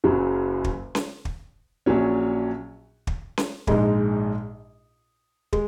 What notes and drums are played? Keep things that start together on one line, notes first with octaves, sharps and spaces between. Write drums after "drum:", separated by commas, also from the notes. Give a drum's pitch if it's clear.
F#1 F#2 C#3 F#3
drum: kick
drum: snare C#4
drum: kick
A#1 A#2 F#3 C#4
drum: kick
drum: snare C#4
A#1 G#2 G#3 D#4, drum: kick
G#3, drum: kick